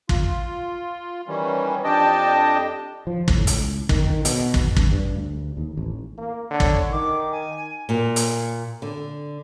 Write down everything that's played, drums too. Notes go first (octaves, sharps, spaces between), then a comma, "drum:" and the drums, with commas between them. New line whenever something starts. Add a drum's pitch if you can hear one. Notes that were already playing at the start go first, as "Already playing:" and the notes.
F4, drum: kick
D#3 E3 G3 C#4
F2 D4 G4 D#5 G5 A5
F3
A2, drum: kick
C#2, drum: hi-hat
D#3, drum: kick
D#3
B2, drum: hi-hat
D1, drum: kick
G2, drum: kick
G2
D2
D#2
A1
A#3
D3 C#5
drum: kick
D#3 D6
G#5
A#2
drum: hi-hat
D3